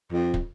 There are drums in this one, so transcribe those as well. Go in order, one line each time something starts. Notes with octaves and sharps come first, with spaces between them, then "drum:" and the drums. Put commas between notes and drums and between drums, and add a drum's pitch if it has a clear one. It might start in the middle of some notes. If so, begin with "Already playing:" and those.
F2
drum: kick